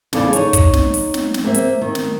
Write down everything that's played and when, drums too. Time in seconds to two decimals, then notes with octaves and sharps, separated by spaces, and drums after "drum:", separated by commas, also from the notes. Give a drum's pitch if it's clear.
0.13 E2 C#3 A4 D5 F5, drum: snare
0.33 D#4 C#5, drum: hi-hat
0.53 drum: kick, hi-hat
0.73 drum: snare
0.94 drum: open hi-hat
1.14 drum: snare
1.34 drum: snare
1.44 A#3 C4 E5
1.54 drum: hi-hat
1.81 D#3
1.95 drum: snare